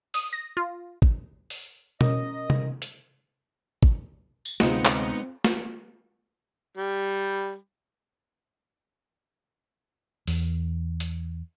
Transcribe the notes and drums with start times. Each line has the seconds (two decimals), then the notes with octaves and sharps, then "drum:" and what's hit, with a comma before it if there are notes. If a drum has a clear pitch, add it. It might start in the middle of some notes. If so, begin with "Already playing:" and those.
0.14 D#6, drum: open hi-hat
0.33 A#6
0.57 F4
1.02 drum: kick G#1
1.50 drum: open hi-hat
2.01 C#4 A#4 D#5, drum: tom B2
2.50 drum: tom C3
2.82 drum: hi-hat
3.83 drum: kick G#1
4.45 drum: tambourine
4.60 D2 C3 G#3 B3 C4 D#4 F4 C#7, drum: snare
4.85 drum: clap
5.44 drum: snare
6.77 G3
10.27 E2, drum: open hi-hat
11.00 drum: hi-hat